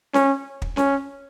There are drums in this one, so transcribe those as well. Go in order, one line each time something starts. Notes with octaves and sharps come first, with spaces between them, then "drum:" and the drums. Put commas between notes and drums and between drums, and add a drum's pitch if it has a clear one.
C#4, drum: snare C#4
drum: kick
C#4, drum: snare C#4